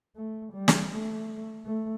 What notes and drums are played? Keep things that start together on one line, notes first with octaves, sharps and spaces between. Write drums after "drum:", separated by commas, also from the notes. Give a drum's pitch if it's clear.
A3
G3
drum: snare
A3
A3